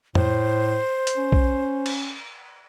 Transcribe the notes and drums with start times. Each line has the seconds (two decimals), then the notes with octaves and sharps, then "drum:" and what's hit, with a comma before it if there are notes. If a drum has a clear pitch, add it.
0.15 A2 C5, drum: tom F2
1.07 drum: hi-hat
1.17 C#4
1.32 drum: kick B1
1.86 drum: cymbal